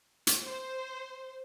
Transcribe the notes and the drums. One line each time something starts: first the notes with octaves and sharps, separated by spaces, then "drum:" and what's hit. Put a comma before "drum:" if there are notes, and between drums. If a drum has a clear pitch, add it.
drum: hi-hat
C5